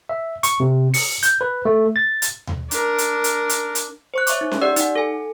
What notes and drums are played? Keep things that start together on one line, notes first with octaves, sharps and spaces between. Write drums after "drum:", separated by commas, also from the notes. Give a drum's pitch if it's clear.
E5
C#6, drum: hi-hat
C3
C#7, drum: open hi-hat
G6, drum: hi-hat
B4
A3
A6
drum: hi-hat
drum: tom D#2
D4 A#4, drum: hi-hat
drum: hi-hat
drum: hi-hat
drum: hi-hat
drum: hi-hat
C5 C#6 F#6
C#5 E5 C#6 D6, drum: hi-hat
D#4
drum: snare C#4
G4 D5 F#5 E6
D#4 F#5, drum: hi-hat
A4 G#5